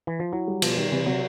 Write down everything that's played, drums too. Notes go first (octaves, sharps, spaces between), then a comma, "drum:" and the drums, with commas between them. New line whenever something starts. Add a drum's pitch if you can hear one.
E3
F3
F#3 E4
G3
B2 F3, drum: cymbal
D#3 G3
C3 E3
C3 F#3